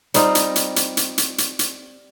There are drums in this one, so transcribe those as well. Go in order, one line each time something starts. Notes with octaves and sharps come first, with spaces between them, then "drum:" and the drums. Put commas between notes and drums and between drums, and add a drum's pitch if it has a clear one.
G3 C4 D#4 F4, drum: hi-hat
drum: hi-hat
drum: hi-hat
drum: hi-hat
drum: hi-hat
drum: hi-hat
drum: hi-hat
drum: hi-hat